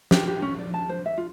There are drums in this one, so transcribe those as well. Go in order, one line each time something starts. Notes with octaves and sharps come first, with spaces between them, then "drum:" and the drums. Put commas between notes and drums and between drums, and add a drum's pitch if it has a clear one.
G4, drum: snare
G4
C#4
D5
A5
C5
E5
F4